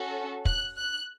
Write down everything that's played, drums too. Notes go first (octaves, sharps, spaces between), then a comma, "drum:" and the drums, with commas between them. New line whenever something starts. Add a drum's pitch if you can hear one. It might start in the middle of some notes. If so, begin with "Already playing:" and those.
Already playing: C#4 F#4 A4
F#6, drum: kick
F#6